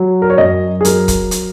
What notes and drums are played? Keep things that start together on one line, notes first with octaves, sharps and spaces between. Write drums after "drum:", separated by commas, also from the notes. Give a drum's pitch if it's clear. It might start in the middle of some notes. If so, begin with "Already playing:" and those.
Already playing: F#3
A#4
C#5
F#2 D#5
G#4
F#3 A#4, drum: hi-hat
drum: kick, hi-hat
drum: hi-hat